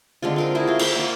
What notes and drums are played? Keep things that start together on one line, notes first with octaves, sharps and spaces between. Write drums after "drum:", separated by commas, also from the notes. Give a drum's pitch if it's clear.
D3 G#3 C4 F4
F4 A#4 G5
E4 F#4 G#4
F4 C5
E5 F#5 G5 B5, drum: cymbal
A#3 F4